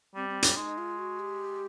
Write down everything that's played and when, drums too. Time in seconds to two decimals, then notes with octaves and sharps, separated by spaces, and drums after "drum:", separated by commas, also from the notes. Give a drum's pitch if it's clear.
0.15 G3 C4
0.29 C4
0.43 C#4, drum: hi-hat
0.56 G#3 D#4
0.78 F4
0.98 F#4
1.19 G4